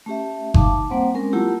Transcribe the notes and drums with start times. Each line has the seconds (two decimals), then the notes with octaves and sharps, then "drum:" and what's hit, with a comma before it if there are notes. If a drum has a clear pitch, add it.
0.06 A3 C#4 G4 E5
0.54 D#4 F5 A5 D6, drum: kick G1
0.90 G3 A#3 C4 C5 F#5
1.14 G#3 C4 C#4 A#4
1.33 F#3 A3 A#3 E4 F4 G4